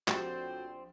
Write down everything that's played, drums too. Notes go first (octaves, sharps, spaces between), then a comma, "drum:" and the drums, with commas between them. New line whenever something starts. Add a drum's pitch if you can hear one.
A#1 A2 D3 C4 F#4 G4 C5 A6, drum: clap